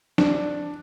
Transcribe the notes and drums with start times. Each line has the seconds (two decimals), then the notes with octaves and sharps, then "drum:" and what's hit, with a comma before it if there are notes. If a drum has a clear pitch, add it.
0.18 D4, drum: snare